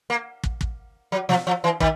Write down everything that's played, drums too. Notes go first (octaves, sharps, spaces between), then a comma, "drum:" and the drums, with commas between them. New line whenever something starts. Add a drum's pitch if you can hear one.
A#3
drum: kick
drum: kick
F#3
F3, drum: snare
F3
E3
D#3, drum: kick